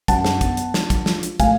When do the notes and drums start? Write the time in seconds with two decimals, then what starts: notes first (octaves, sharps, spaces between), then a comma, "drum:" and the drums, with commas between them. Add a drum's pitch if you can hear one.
0.08 F#2 F#5 A5, drum: kick, hi-hat
0.25 drum: snare
0.41 B3, drum: kick, hi-hat
0.57 drum: hi-hat
0.74 F3, drum: snare
0.90 drum: kick, hi-hat
1.06 F3, drum: snare
1.23 drum: hi-hat
1.40 A2 F5 G#5, drum: kick, hi-hat